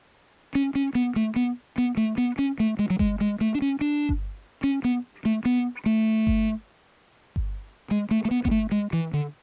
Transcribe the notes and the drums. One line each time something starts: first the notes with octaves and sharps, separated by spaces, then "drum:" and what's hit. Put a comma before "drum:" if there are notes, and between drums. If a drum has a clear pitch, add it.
C#4
C#4
B3
A3
B3
B3
A3
B3
C#4
A3
G#3
F#3
G#3, drum: kick G1
G#3
A3
D4
C#4
D4
drum: kick G1
C#4
B3
A3
B3
A3
drum: kick G1
drum: kick G1
G#3
A3
A3
B3
B3, drum: kick G1
A3
G#3
E3
D3